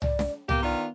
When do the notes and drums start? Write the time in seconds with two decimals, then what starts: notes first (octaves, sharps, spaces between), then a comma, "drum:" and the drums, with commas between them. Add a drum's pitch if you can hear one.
0.02 D5, drum: tom C2
0.19 drum: snare
0.49 A#3 B3 G4, drum: tom C2
0.62 D#3 D4 F4